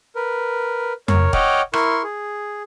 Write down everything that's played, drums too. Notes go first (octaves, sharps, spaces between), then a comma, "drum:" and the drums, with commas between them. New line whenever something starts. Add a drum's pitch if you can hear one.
A#4 B4
A#4 C#5, drum: tom F2
C#5 D#5 F#5 G5 D6 F6, drum: kick E1
E4 A#4 C6 C#6, drum: rim click
G#4